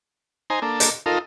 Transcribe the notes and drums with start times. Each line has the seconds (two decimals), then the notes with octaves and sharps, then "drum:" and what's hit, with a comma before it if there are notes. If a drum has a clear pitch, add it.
0.50 D#4 C5 G#5 A#5
0.62 A#3 D4 A4
0.80 drum: hi-hat
1.06 D#4 F4 A4 A#4